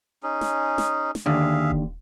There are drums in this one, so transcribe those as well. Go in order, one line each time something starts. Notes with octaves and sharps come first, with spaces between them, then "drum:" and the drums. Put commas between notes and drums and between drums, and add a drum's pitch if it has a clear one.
C#4 D#4 G#4
drum: snare
drum: snare
drum: snare
D#2 D3 G#4 E5 F5
drum: kick D#1